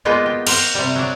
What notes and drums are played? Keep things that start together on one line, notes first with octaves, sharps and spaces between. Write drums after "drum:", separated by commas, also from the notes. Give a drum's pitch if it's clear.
G#3 A#3 B3 D#4 F4
G4
A#4 C5 F#5, drum: cymbal
C3 G3
F#3 D4